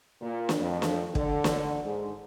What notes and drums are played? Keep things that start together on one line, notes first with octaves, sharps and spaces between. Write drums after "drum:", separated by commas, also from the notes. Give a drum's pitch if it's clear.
A#2
drum: snare
F2
drum: snare
D3, drum: kick
drum: snare
G#2